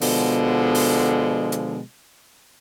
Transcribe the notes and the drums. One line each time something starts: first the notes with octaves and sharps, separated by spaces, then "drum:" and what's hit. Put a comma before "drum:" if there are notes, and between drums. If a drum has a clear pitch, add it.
B2 D3 F3 G#3, drum: open hi-hat
drum: open hi-hat
drum: hi-hat